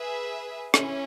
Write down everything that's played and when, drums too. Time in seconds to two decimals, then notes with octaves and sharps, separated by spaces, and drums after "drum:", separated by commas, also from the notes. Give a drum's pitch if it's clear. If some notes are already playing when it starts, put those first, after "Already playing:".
Already playing: G#4 B4 E5
0.74 C#4 E4, drum: rim click